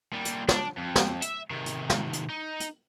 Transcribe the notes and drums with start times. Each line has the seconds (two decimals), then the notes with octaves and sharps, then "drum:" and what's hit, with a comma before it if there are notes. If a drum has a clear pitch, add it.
0.13 A#2 G3
0.25 drum: hi-hat
0.48 D4, drum: snare
0.78 F2
0.96 drum: snare
1.22 E5, drum: hi-hat
1.50 C3 D#3
1.66 drum: hi-hat
1.90 drum: snare
2.13 drum: hi-hat
2.30 D#4
2.60 drum: hi-hat